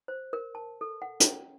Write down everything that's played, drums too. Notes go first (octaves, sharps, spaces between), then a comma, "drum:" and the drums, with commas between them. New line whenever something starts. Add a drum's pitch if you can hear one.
C5
A#4
A5
A4
F#5
C#4, drum: hi-hat